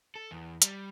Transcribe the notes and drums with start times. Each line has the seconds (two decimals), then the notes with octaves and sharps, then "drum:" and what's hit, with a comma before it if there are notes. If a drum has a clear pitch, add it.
0.15 A4
0.31 E2
0.62 G3, drum: hi-hat